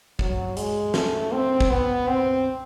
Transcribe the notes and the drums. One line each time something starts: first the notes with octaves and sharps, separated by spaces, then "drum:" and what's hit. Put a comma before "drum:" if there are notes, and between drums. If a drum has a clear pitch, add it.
F#3, drum: kick
G#3, drum: hi-hat
A3, drum: snare
C4
drum: kick
B3
C4